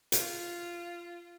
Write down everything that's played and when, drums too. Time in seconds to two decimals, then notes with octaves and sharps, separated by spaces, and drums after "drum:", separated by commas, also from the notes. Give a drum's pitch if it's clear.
0.12 F4, drum: hi-hat